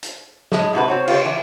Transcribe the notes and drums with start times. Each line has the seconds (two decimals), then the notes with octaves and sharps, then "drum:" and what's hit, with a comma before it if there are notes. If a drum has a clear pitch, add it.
0.03 drum: hi-hat
0.52 A2 G#3, drum: snare
0.73 G#2 C3 F#4 B4
0.88 C4 F#4 C#5
1.08 F4 G4 C5 C#5, drum: cymbal
1.25 E3